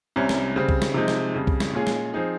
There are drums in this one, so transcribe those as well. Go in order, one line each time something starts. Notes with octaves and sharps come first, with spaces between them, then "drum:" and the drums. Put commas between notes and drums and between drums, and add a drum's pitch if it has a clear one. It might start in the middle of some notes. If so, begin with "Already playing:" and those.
C2 C3 G3 C#4
drum: snare
C#3 G3 C4
drum: kick C2
drum: snare
C3 F3 G#3 D#4
drum: snare
F2 C#3 G3
drum: kick C2
drum: snare
A#2 G#3 C#4 F4 G#4
drum: snare
F3 C4 D#4 G#4